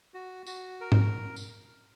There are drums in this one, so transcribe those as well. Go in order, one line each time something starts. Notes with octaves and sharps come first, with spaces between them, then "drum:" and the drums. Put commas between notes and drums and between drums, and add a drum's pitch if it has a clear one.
F#4
F#4, drum: tambourine
A#4
drum: tom G#2
drum: tambourine